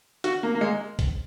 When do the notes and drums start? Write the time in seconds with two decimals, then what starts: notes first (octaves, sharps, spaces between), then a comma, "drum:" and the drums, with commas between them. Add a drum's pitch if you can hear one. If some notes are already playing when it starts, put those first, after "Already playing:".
0.24 F#4, drum: hi-hat
0.43 A#3
0.55 A#3
0.61 G#3
0.99 drum: kick B1, hi-hat